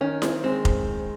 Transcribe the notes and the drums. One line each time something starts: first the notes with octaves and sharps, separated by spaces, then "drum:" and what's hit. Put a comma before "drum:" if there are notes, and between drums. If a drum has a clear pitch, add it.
D#3 C#4
C4, drum: snare E4
G#3 C4
drum: kick F1